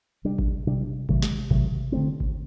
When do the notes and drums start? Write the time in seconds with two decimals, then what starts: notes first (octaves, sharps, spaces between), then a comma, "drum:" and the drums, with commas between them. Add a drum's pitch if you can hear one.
0.24 C3 G3 D4
0.39 drum: kick G#1
0.67 C3 G3 D4
1.09 C3 D#3 F#3 A3, drum: kick G#1
1.22 drum: snare
1.51 C3 D#3 F#3 A3, drum: kick G#1
1.92 D3 A3 C4
2.20 drum: kick G#1